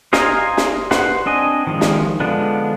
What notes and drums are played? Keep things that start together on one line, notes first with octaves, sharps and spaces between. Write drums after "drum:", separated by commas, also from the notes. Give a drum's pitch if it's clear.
C5 D#5 F5 G#5 A#5, drum: snare
drum: snare
B4 C5 F#5, drum: snare
C4 D4 D#5 G#5
D#3 F3 G#3
drum: snare
D3 F3 G#3 B3 D4